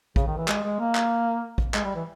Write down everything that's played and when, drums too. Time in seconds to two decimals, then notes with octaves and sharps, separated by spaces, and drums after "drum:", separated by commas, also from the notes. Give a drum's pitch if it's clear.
0.16 C#3, drum: kick
0.27 D#3
0.37 E3
0.48 G#3, drum: clap
0.64 G#3
0.79 A#3
0.95 drum: clap
1.58 drum: kick
1.74 G#3, drum: clap
1.84 G3
1.95 E3